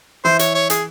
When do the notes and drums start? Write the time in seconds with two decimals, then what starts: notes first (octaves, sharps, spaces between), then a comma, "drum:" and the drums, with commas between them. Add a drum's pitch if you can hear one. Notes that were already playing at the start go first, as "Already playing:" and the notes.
0.25 E3 E4 C5
0.39 C#5, drum: hi-hat
0.55 C#5
0.70 G#4, drum: hi-hat